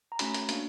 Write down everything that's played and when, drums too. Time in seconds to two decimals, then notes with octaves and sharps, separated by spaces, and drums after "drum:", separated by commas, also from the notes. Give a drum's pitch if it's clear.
0.12 A#5
0.19 A3 C#4 F#4 B5, drum: hi-hat
0.34 drum: hi-hat
0.49 A#3 D4 F#4, drum: hi-hat